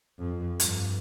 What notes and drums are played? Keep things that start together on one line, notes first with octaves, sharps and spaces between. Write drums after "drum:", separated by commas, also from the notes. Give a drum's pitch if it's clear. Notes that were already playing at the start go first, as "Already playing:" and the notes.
F2
G2, drum: hi-hat